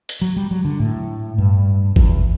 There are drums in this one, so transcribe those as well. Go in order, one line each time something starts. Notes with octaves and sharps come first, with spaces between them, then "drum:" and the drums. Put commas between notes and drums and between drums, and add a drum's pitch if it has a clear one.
drum: hi-hat
F#3
G3
F#3
D3
A2
G2
E2, drum: kick